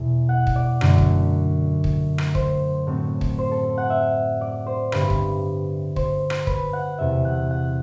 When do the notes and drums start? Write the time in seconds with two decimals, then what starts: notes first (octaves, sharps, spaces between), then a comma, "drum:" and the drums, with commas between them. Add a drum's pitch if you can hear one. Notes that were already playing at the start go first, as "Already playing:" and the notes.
Already playing: E2 B2
0.29 F#5
0.47 drum: kick
0.56 D5
0.81 F#2 D3 F#3 A3, drum: rim click
0.98 drum: kick
1.84 drum: kick
2.18 drum: rim click
2.35 C5, drum: kick
2.87 A2 F#3 A3 C4
3.21 drum: kick
3.39 C5
3.51 A4
3.78 F#5
3.90 E5
4.41 D5
4.66 C5
4.92 G2 D3 G3 B3 B4, drum: rim click
5.10 drum: kick
5.96 C5, drum: kick
6.30 drum: rim click
6.47 B4, drum: kick
6.73 F#5
6.98 E2 C3 G3 E5
7.25 F#5
7.51 F#5